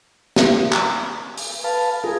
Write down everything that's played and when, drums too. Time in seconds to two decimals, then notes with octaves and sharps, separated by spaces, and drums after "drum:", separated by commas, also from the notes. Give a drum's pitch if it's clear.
0.36 drum: snare
0.72 drum: clap
1.37 drum: open hi-hat
1.64 B4 F5 A5
2.04 F4 G#4 A#4